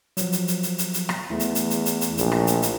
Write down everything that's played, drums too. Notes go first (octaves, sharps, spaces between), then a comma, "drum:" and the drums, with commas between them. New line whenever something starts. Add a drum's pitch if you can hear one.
F3 F#3, drum: hi-hat
drum: hi-hat
drum: hi-hat
drum: hi-hat
drum: hi-hat
drum: hi-hat
drum: rim click
E2 A3 E4
drum: hi-hat
drum: hi-hat
drum: hi-hat
drum: hi-hat
drum: hi-hat
A#1, drum: hi-hat
drum: rim click
drum: hi-hat
drum: hi-hat